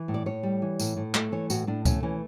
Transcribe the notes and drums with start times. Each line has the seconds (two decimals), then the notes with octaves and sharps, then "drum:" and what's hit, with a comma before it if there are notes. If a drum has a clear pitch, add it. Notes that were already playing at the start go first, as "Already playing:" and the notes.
Already playing: E3
0.08 A2
0.14 D5
0.26 A2 C#5
0.43 G3
0.62 E3
0.80 A2, drum: tambourine
0.97 A2
1.14 A3, drum: clap
1.32 E3 C#5
1.50 A2 F#4, drum: tambourine
1.67 A2 D4
1.85 A3 C#4, drum: kick C#2, tambourine
2.03 E3 C#4